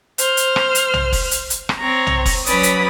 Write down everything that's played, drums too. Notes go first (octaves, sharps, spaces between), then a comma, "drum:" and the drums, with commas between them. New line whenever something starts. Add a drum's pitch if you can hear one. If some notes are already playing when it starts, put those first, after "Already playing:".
C5 F6, drum: hi-hat
drum: hi-hat
drum: rim click
drum: hi-hat
drum: tom B1
drum: kick F1, open hi-hat
drum: hi-hat
drum: hi-hat
drum: rim click
C4 C#5 A#5
drum: tom B1
drum: kick F1, open hi-hat
F#3 C#4 B4 D5 B5 D#6, drum: hi-hat
drum: hi-hat